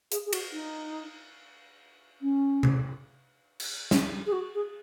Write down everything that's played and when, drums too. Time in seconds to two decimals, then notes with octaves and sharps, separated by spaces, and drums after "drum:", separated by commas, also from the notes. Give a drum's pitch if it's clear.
0.12 G#4, drum: hi-hat
0.26 G#4
0.33 F#4, drum: cymbal
0.53 D#4
2.22 C#4
2.63 drum: tom C3
3.60 drum: cymbal
3.91 C#4, drum: snare
4.26 G#4
4.32 F#4
4.55 G#4